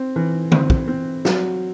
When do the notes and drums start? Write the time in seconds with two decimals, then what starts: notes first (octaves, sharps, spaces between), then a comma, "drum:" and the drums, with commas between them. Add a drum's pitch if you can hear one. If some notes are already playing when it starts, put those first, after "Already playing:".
Already playing: C4
0.16 E3
0.52 C4, drum: tom D3
0.70 drum: kick
0.87 C4
1.25 F#3, drum: snare